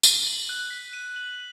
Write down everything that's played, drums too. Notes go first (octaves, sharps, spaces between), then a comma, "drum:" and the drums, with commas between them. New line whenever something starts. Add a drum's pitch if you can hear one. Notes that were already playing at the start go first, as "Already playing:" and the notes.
D#7, drum: tambourine
F#7
F#6
B6
D#7
F#7